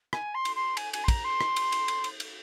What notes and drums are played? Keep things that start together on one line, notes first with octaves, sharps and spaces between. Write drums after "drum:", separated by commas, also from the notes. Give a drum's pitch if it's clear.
G#5, drum: rim click
C6
drum: cymbal
C6
G#5, drum: cymbal
G#5, drum: cymbal
C6
A#5, drum: kick, cymbal
C6
drum: rim click
drum: cymbal
drum: cymbal
drum: cymbal
drum: cymbal
drum: cymbal